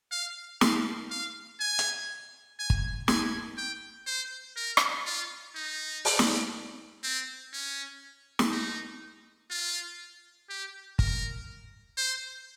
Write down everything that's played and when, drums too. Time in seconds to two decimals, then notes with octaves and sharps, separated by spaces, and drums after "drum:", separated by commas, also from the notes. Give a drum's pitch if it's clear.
0.11 F5
0.61 F5, drum: snare
1.11 F5
1.60 G#5
1.79 drum: hi-hat
2.59 G#5
2.70 drum: kick
3.08 G#5, drum: snare
3.57 G5
4.07 C5
4.57 A#4
4.77 drum: rim click
5.06 F4
5.55 D#4
6.05 drum: open hi-hat
6.19 drum: snare
7.03 C4
7.53 C#4
8.39 drum: snare
8.51 D#4
9.50 F4
10.49 G4
10.99 A#4, drum: kick
11.97 C5